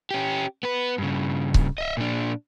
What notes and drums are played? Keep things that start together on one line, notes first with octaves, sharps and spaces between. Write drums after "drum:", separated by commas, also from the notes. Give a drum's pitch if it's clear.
C#4 G4
B3 B4
G2 C#3
drum: kick C#1
D#5 E5
A#2 D4